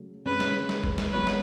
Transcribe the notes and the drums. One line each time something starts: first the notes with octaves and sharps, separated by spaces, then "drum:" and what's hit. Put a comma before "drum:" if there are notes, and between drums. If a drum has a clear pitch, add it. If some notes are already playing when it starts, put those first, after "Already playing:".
Already playing: C#3 F#3 A3
C#3 G#3 C#4 B4
drum: snare
drum: snare
drum: kick
drum: snare
F#3 B3 F#4 B4 C#5
drum: snare